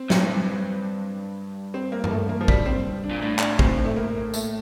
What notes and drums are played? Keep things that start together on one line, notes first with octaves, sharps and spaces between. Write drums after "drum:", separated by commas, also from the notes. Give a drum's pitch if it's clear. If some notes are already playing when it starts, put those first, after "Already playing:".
Already playing: C4
A#2, drum: snare
A2
G2
C4
A#3
A#3, drum: tom
A3
A#3
F3
G3, drum: kick
C4
D4
A#2
A2 D4
D4, drum: clap
C4, drum: kick
A3
A#3
A3, drum: tambourine